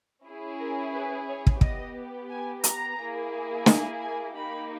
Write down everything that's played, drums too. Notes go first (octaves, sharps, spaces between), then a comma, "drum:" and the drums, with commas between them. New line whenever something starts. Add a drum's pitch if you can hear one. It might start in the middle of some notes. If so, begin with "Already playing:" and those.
C#4 E4 G#4
A#4
B4
C#5
drum: kick
B3 G4 D#5, drum: kick
G#5
A#5, drum: hi-hat
A#3 E4 G#4
G#5, drum: snare
G#5
A#3 D#4 G4 B5